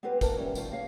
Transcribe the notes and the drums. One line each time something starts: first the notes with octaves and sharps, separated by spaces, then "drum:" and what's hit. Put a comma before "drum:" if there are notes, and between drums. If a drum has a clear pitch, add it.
B3 C4 G4 G#4 B4 C5
E3 A#3 A#4 A5 A#5, drum: kick, tambourine
E3 G3 B3 C#4
E2 D#3 F4 C5 A5, drum: tambourine
A#3 F#4 G#4 C#5 F5